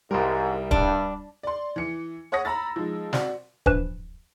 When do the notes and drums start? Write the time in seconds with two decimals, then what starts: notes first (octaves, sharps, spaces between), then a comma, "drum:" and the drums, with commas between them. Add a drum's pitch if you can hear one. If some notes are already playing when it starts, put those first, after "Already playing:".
0.11 C2 G#2 G3 A#4
0.71 G2 D4, drum: kick
1.43 D5 C6
1.76 E3 C#7
2.32 C#5 F#5 C#6 D#6 A#6
2.45 A#5 B5 E6 A6
2.76 F3 G#3 D#4
3.13 C4 F#4 D5, drum: snare
3.66 G2 E3 F3 B4 E7, drum: kick